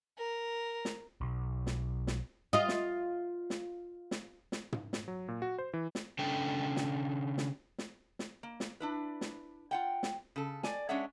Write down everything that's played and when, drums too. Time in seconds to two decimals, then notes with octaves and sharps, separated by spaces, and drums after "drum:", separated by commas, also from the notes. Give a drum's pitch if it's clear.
0.18 A#4
0.85 drum: snare
1.21 B1
1.66 drum: snare
2.07 drum: snare
2.53 F4 D#5
2.68 drum: snare
3.50 drum: snare
4.11 drum: snare
4.52 drum: snare
4.72 drum: tom
4.93 drum: snare
5.08 F#3
5.28 A#2
5.42 F#4
5.58 C5
5.74 E3
5.95 drum: snare
6.19 C#3 D4 A4 G5
6.76 drum: snare
7.38 drum: snare
7.78 drum: snare
8.19 drum: snare
8.43 A#3
8.60 drum: snare
8.80 D4 E4 B4
9.21 drum: snare
9.71 F4 F#5 G5
10.03 drum: snare
10.36 C#3 A4
10.63 D5 G#5, drum: snare
10.89 G#3 C#4 D4 C#5 E5 F#5